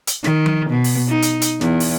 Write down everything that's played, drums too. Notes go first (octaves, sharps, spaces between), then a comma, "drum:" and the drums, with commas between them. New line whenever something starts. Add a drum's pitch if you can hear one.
drum: hi-hat
D#3, drum: snare
drum: tom F3
B2
drum: open hi-hat
D#4
drum: hi-hat
drum: hi-hat
E2, drum: snare
drum: open hi-hat